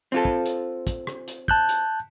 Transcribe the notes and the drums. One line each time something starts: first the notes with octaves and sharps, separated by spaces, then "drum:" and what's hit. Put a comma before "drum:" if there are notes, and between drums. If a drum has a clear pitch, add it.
C4 F4 A4
drum: kick
drum: hi-hat
drum: kick, hi-hat
drum: rim click
drum: hi-hat
A5 F#6 G6, drum: kick
drum: hi-hat